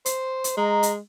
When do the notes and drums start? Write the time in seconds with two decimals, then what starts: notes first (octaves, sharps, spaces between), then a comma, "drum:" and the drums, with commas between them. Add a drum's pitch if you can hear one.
0.06 C5, drum: hi-hat
0.44 drum: hi-hat
0.57 G#3 D#5 A#5
0.83 drum: hi-hat